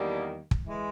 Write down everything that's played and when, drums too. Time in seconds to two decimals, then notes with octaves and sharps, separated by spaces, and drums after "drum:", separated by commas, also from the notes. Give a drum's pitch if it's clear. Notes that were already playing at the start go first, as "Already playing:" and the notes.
Already playing: E2 D#3 G3 A#3
0.51 drum: kick
0.67 E3 G#3